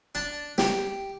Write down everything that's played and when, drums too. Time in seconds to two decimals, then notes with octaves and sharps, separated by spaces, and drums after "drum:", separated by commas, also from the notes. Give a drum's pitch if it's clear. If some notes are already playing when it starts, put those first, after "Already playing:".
0.15 D4 A5
0.58 G4, drum: snare